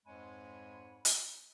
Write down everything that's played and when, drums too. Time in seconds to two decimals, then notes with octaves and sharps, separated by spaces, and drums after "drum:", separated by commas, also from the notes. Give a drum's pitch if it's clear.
0.06 F2 G#2 G#3 C#5 G#5 B5
1.05 drum: hi-hat